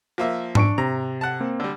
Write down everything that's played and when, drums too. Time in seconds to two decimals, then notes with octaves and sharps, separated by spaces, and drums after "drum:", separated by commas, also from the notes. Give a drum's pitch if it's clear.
0.18 F3 A#3 E5
0.55 D4 C#6 D7, drum: tom G#2
0.78 C3 A#5
1.21 F#5 A5
1.40 A#3 C4
1.60 D3 G3 E6